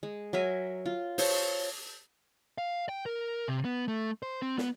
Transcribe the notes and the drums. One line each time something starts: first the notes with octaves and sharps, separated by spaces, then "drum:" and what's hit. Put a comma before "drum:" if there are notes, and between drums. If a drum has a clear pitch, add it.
G#3
F#3 A#4 E5 G#5
F4
C5 C#5 A5, drum: open hi-hat
F5
G5
A#4
C3
B3
A3
C5
C4
B3, drum: snare